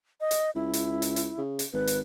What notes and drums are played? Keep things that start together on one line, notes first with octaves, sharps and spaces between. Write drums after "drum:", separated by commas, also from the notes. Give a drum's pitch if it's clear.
D#5
drum: hi-hat
C#2 E4
drum: hi-hat
drum: hi-hat
drum: hi-hat
C#3
drum: hi-hat
G#1 B4
drum: hi-hat